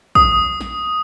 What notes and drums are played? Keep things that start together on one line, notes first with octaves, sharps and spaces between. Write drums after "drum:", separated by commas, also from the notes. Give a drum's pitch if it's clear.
D#6, drum: kick
drum: snare